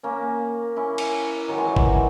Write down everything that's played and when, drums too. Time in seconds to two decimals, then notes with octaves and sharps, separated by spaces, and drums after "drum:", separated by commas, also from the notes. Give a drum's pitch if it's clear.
0.03 A#3 C#4
0.76 C#4 E4
0.98 drum: cymbal
1.48 D#3 F#3
1.58 E3 G#3
1.67 D#3 F#3
1.76 E3, drum: kick G1
1.85 D#3 F#3